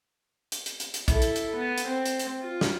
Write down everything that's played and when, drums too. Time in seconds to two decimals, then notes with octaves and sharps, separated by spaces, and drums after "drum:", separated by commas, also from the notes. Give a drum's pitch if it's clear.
0.52 drum: hi-hat
0.66 drum: hi-hat
0.80 drum: hi-hat
0.94 drum: hi-hat
1.08 E4 A4, drum: kick, hi-hat
1.22 drum: hi-hat
1.36 drum: hi-hat
1.56 B3
1.78 drum: hi-hat
1.87 C4
2.05 drum: hi-hat
2.19 drum: hi-hat
2.41 F4
2.61 drum: snare